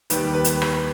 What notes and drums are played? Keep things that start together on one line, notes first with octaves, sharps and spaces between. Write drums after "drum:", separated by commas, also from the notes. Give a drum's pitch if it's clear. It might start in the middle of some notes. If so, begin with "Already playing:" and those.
D#2 D#3 G3 B4, drum: hi-hat
B4
drum: hi-hat
drum: rim click